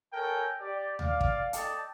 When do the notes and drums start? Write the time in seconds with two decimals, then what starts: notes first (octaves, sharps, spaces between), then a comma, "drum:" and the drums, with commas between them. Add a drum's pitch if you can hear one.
0.13 A4 A#4 C#5 G5 G#5
0.61 G4 D5
0.99 D5 F5, drum: tom D2
1.21 drum: kick
1.53 A4 D5 D#5 G5 A5, drum: hi-hat